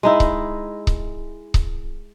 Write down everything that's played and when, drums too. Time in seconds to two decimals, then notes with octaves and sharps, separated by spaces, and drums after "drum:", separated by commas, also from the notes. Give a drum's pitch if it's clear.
0.03 G#3 D#4 E4
0.20 drum: kick C#1
0.87 drum: kick C#1
1.54 drum: kick C#1